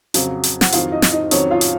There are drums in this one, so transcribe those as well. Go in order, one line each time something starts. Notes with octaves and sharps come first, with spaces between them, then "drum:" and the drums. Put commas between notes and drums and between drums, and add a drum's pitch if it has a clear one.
F2 C#3 F#3, drum: hi-hat
drum: hi-hat
F#5, drum: snare
F2 D#3 F#3 F4 F5, drum: hi-hat
D#4 D#5
drum: snare
D#4 D#5
F2 D#3 F#3 C#4 C#5, drum: hi-hat
F4 F5
drum: hi-hat